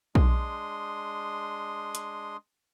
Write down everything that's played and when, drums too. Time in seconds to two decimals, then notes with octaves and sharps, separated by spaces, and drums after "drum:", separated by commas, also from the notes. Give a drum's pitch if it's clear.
0.15 G#3 D4 C6 D#6, drum: kick B1
1.95 drum: hi-hat